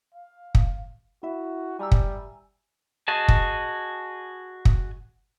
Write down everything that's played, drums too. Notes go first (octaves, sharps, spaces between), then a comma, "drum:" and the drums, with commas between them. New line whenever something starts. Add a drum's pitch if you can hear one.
F5
drum: kick
E4 F#4 E5
G3 G#5 A#5 E6
drum: kick
F#4 G#4 D#5 A5
drum: kick
drum: kick